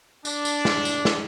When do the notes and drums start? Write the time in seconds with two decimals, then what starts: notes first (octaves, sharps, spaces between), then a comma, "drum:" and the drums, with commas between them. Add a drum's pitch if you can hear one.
0.25 D4, drum: tambourine
0.45 drum: tambourine
0.65 drum: snare
0.85 drum: tambourine
1.05 drum: snare